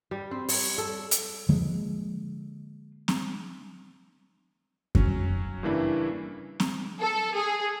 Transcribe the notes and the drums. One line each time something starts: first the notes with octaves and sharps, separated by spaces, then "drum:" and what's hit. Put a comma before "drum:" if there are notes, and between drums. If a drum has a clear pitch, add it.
G3
C4
C#5, drum: open hi-hat
A4
drum: hi-hat
D3 F3 G#3 A#3
drum: snare C4
F#3 C#4, drum: kick F#2
G2 C#3 E3 A#3 D4 E4
drum: snare C4
A4
G#4